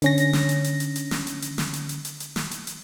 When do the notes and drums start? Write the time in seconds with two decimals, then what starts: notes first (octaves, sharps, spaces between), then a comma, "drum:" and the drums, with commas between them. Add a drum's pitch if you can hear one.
0.02 D3 C#4 A#6, drum: hi-hat
0.18 drum: hi-hat
0.33 drum: snare
0.49 drum: hi-hat
0.64 drum: hi-hat
0.80 drum: hi-hat
0.96 drum: hi-hat
1.11 drum: snare
1.27 drum: hi-hat
1.42 drum: hi-hat
1.58 drum: snare
1.73 drum: hi-hat
1.89 drum: hi-hat
2.05 drum: hi-hat
2.20 drum: hi-hat
2.36 drum: snare
2.51 drum: hi-hat
2.67 drum: hi-hat